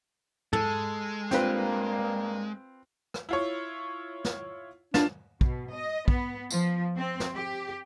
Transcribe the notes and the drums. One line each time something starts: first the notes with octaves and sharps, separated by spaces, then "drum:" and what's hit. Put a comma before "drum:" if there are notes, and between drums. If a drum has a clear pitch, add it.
G#3 A4, drum: tom
G2 A#3 C4 F4 B4, drum: snare
drum: rim click
E4 F4 C#5
drum: snare
D4 F4 A6 E7, drum: snare
B2, drum: kick
D#5
B3, drum: kick
F3, drum: tambourine
C4
drum: snare
G4